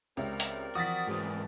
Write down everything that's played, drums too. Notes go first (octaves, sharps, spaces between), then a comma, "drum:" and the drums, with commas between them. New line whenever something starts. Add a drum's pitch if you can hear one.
C#2 C4 G4 A#4 C#5 D5 E5
drum: open hi-hat
E3 F3 F4 F#4 D#6 A6 B6
G#2 E3 F#4 G#4 C5